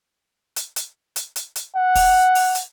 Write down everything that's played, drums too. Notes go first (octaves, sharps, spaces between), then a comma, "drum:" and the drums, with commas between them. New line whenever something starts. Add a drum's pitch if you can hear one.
drum: hi-hat
drum: hi-hat
drum: hi-hat
drum: hi-hat
drum: hi-hat
F#5
drum: kick, open hi-hat
drum: open hi-hat
drum: hi-hat